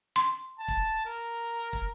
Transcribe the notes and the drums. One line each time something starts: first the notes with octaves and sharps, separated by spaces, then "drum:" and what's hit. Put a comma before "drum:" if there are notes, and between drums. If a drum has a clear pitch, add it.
C6
A5
drum: kick
A#4
drum: kick